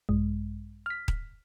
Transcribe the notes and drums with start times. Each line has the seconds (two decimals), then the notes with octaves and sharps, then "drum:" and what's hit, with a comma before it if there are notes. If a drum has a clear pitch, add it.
0.09 A#1 G2 G#3
0.86 F6 B6
1.08 drum: kick D#1